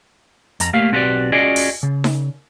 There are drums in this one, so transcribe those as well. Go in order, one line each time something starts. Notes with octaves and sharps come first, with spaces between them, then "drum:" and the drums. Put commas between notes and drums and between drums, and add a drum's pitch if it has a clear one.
F2 A#5, drum: hi-hat
A3 A#3 G4 F5
B1 C4 F#4 G4 B4 D5
C#4 F4 F#4 G#4 D5 D#5
drum: open hi-hat
C#3
drum: snare D#4